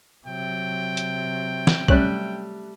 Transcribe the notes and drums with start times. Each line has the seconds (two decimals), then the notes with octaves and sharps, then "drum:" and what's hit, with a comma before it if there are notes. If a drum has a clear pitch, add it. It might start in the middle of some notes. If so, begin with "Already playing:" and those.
0.27 C3 F#3 G5
0.97 drum: hi-hat
1.67 drum: snare
1.88 G3 A3 C#4 F#6, drum: kick